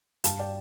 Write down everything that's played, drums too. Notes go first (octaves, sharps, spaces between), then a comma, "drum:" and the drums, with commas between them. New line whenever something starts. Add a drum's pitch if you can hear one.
G2 F5 A5, drum: hi-hat
D5 G5